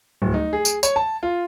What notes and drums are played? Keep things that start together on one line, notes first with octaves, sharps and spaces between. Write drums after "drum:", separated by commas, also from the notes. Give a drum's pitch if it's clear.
D1
D#4
G#4
drum: tambourine
C#5, drum: tambourine
A5
F4